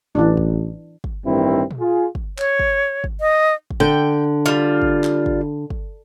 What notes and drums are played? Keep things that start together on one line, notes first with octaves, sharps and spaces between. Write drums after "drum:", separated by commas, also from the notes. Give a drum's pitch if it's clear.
A1 E3 D4
drum: kick
drum: kick
A1 G2 D#3 C4 E4
drum: tom A#2
F4 G#4
drum: kick
C#5, drum: clap
drum: kick
drum: kick
D#5
drum: kick
D3 G5
G3 F4
drum: kick
drum: clap
drum: kick
drum: kick